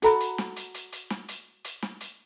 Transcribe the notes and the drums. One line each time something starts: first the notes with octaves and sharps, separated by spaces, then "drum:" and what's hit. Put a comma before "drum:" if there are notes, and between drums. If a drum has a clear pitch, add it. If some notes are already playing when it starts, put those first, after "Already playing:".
F#4 A4 A#5 B5, drum: hi-hat
drum: hi-hat
drum: snare
drum: hi-hat
drum: hi-hat
drum: hi-hat
drum: snare
drum: hi-hat
drum: hi-hat
drum: snare
drum: hi-hat